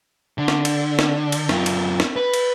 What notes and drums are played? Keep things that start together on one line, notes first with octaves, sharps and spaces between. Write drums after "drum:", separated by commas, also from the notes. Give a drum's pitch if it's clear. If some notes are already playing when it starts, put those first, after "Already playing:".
D3
drum: snare
drum: cymbal
drum: snare
drum: cymbal
F#2 F4, drum: snare
drum: cymbal
drum: snare
B4
drum: cymbal